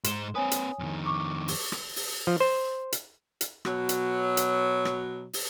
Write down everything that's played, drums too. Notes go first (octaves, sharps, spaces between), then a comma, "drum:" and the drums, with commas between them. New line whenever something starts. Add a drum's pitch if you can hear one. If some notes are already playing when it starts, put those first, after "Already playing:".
G#2 C5 C6 E7 G7, drum: hi-hat
C4 B4 C#5 G#5 D#6
drum: hi-hat
F2 D#3
C#6 D6
drum: open hi-hat
drum: rim click
drum: open hi-hat
F3
C5
drum: hi-hat
drum: hi-hat
B2 F#3, drum: rim click
drum: hi-hat
drum: hi-hat
drum: rim click
drum: open hi-hat